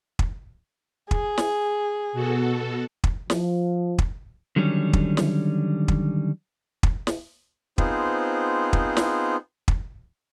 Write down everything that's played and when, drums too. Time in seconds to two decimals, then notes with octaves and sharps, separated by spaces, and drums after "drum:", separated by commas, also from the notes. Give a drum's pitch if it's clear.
0.19 drum: kick
1.11 G#4, drum: kick
1.38 drum: snare
2.13 B2 F#4 A4
3.04 drum: kick
3.30 F3, drum: snare
3.98 drum: kick
4.56 D3 D#3 F#3 G3 C#4
4.93 drum: kick
5.17 drum: snare
5.88 drum: kick
6.83 drum: kick
7.07 drum: snare
7.78 B3 C4 D#4 F4 G#4 C5, drum: kick
8.73 drum: kick
8.97 drum: snare
9.68 drum: kick